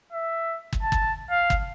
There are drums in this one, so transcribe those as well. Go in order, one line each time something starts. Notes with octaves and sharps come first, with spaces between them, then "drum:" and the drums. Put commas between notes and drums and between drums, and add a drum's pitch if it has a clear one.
E5
drum: kick
A5
drum: kick
F5
drum: kick